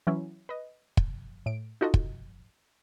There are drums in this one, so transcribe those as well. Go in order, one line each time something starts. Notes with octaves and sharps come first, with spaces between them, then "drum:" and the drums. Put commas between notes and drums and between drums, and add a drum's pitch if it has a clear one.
E3 F#3 C#4 E4
B4 D#5
drum: kick
A2 D7
D#4 F4 F#4 A4 D#5
drum: kick